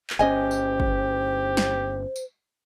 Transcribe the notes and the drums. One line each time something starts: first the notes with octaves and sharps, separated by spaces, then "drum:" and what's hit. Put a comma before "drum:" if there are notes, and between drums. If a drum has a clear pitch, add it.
drum: clap
G1 C#4 G4 C5 D#5 G#5
drum: tambourine
drum: kick
drum: snare
drum: tambourine